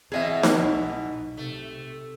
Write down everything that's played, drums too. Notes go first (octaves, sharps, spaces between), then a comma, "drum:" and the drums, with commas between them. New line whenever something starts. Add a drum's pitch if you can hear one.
B2 E3 C4 G#4 D#5 E5
drum: snare D#4
B1 D#4
C3 A3